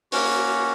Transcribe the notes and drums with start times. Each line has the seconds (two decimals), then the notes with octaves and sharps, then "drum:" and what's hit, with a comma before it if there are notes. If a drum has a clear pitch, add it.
0.12 A#3 C#4 F#4, drum: open hi-hat